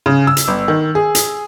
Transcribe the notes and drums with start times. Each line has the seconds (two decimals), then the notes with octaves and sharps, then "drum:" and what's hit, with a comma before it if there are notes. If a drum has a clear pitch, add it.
0.06 C#3
0.27 E6
0.37 drum: hi-hat
0.48 G1
0.68 D#3
0.95 G#4
1.15 drum: hi-hat